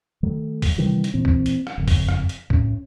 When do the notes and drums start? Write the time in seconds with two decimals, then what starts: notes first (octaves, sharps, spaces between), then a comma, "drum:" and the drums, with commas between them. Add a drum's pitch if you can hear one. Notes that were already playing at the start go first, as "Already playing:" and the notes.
0.23 D#3 F#3 A3
0.62 drum: kick, open hi-hat
0.78 C3 D#3 E3 G3
1.04 drum: hi-hat
1.14 A#2 E3 C4
1.25 drum: kick
1.46 drum: hi-hat
1.67 drum: rim click
1.78 F#1 F2
1.88 drum: kick, open hi-hat
2.08 drum: rim click
2.29 drum: hi-hat
2.50 A2 C#4, drum: kick